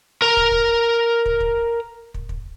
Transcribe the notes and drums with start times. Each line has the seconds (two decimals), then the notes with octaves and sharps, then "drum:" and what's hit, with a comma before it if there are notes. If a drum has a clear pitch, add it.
0.22 A#4 A#5
0.37 drum: kick
0.52 drum: kick
1.26 drum: kick
1.40 drum: kick
2.14 drum: kick
2.29 drum: kick